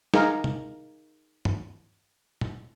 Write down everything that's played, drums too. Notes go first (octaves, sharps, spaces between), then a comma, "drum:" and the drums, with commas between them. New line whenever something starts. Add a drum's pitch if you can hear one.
D#4 G#4 A#4 F5, drum: snare
drum: tom
drum: tom G2
drum: tom